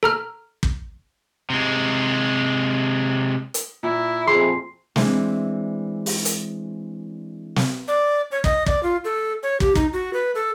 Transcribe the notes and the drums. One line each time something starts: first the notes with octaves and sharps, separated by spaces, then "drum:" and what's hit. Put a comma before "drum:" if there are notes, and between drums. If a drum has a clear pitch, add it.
A4 A#5 F6
drum: kick
C3 G#3
drum: hi-hat
A#2 E4
F2 G#4 C6
E3 G#3 C4 D4, drum: snare
drum: open hi-hat
drum: hi-hat
drum: snare
D5
C#5
D#5, drum: kick
D5, drum: kick
F4
A4
C#5
G4, drum: kick
D#4, drum: kick
F#4
B4
A4